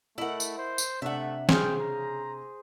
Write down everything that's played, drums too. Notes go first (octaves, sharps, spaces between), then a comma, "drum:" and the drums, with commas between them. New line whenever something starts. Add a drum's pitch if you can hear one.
A3 E4 A#4 D#5 F#5
drum: tambourine
C5
drum: tambourine
C3 A3 D4 E5 F#5
C#3 G#4 C5 F5 G5, drum: snare
A#5